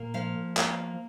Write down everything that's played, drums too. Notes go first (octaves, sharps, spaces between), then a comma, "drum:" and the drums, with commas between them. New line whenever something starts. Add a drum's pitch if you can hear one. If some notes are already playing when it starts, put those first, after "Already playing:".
Already playing: A#2 A#3
F3 F5
A#3 F5, drum: clap